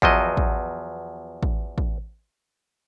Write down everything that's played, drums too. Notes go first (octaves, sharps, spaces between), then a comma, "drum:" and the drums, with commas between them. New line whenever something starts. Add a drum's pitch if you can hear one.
E2 F3 F#3 D#5, drum: kick A1
drum: kick A1
drum: kick A1
drum: kick A1